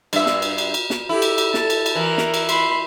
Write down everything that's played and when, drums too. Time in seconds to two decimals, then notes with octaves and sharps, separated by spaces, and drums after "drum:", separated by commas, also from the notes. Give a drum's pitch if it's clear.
0.13 G2 E5, drum: cymbal
0.26 drum: snare
0.42 drum: cymbal
0.58 drum: cymbal
0.74 drum: cymbal
0.90 drum: snare
1.09 E4 G4 A4
1.22 drum: cymbal
1.38 drum: cymbal
1.54 A4 A5, drum: snare
1.70 drum: cymbal
1.86 drum: cymbal
1.95 E3 A#4
2.18 drum: snare
2.34 drum: cymbal
2.49 B5 C6, drum: cymbal